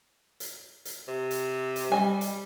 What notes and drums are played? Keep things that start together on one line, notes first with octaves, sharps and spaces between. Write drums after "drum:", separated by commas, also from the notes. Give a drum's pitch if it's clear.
drum: hi-hat
drum: hi-hat
C3
drum: hi-hat
drum: hi-hat
G3 D#5 G#5
drum: hi-hat